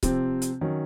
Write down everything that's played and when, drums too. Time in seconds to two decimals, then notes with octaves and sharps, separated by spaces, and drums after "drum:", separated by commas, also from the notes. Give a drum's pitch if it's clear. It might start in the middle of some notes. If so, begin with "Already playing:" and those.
0.03 C3 F3 C4, drum: kick C#1, hi-hat
0.42 drum: hi-hat
0.61 D#3 F#3 C#4